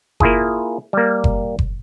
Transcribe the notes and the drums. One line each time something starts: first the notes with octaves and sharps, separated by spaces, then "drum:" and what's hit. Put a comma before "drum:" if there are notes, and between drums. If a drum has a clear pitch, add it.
A#3 E4 F4 G#4, drum: kick F#1
G3 A#3
drum: kick F#1
drum: kick F#1